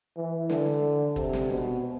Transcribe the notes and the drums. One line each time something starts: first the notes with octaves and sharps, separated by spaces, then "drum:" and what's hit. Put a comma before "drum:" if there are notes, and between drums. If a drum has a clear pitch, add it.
E3
D3, drum: snare
C3, drum: kick
drum: snare
B2